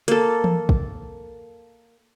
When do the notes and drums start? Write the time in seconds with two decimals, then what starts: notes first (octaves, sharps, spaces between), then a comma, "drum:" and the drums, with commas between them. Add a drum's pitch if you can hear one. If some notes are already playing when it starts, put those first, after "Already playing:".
0.08 A#3 A4, drum: hi-hat
0.44 drum: tom E3
0.69 drum: kick